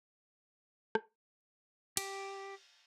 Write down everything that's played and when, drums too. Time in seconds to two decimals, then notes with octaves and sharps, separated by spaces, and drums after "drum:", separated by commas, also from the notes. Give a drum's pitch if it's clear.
0.95 drum: rim click
1.97 G4, drum: cymbal